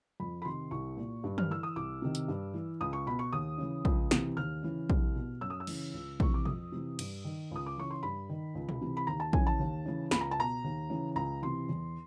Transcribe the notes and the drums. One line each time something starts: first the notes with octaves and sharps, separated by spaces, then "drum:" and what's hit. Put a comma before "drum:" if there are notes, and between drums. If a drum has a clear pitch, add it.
F2 B5
B5
C3 D#3 C6
C2 C#6
A#2
G2
F6, drum: tom
E3 E6
D#6
C2 D6
C3 D#3
drum: hi-hat
G2
E3
C#2 D#6
C#6
B2 B5
C#6
D#2 D#6
C#3 E3
C#2, drum: kick A#1
C3 E3, drum: snare
D#2 F6
C#3 E3
C2, drum: kick A#1
B2
F#2 E6
D#6
E6
C#3 E3, drum: cymbal
C#2
C3 E3 C#6, drum: kick A#1
D6
F2 D#6, drum: tom A#2
C3 E3
G2, drum: cymbal
D#3
C#2 D#6
D6
C#3 E3 C#6
C6
G2 B5
D#3
C#2
drum: tom A#2
C3 E3
B5
D#2 A#5
A5
C#3 E3 G#5, drum: kick A#1
A5
D#2
C#3 E3
C#2 B5, drum: snare
A#5
A5
B2 A#5
D#2
C#3 E3
C#2 A#5
C3 E3 C6
E2